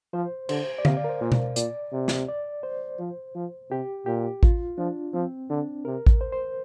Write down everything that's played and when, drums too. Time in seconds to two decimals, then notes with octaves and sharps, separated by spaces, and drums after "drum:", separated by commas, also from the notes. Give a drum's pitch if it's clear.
0.13 F3 C5
0.49 D3 C5, drum: cymbal
0.78 D5
0.85 C3 F5, drum: tom D3
0.97 D5
1.04 A#4
1.09 C5
1.21 A#2
1.32 drum: tom B2
1.56 A#2 D5, drum: hi-hat
1.92 C3
2.08 drum: snare
2.28 D5
2.63 C5
2.99 F3
3.35 F3
3.70 C3 G4
4.06 A#2 G4
4.43 F4, drum: kick A1
4.78 F3 D4
5.14 F3 C4
5.50 D3 D4
5.85 C3 A#4
6.06 drum: kick A1
6.21 C5
6.32 C5